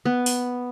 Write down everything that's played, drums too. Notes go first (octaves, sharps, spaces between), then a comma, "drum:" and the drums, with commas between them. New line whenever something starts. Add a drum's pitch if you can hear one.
B3
drum: open hi-hat